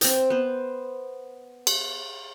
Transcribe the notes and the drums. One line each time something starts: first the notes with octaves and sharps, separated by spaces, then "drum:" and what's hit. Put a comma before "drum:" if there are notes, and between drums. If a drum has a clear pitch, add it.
C4 G5, drum: hi-hat
B3 C5
drum: cymbal